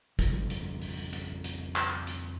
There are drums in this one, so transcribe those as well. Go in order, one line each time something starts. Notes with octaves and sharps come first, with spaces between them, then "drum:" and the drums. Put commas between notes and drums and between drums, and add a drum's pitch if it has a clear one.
F2 C#3 F3 G3, drum: kick, hi-hat
drum: hi-hat
drum: open hi-hat
drum: hi-hat
drum: hi-hat
drum: clap
drum: hi-hat